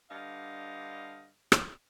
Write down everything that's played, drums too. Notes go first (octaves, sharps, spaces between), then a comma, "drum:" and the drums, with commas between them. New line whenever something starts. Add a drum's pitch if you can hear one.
G2 D3 D#5 F5
drum: rim click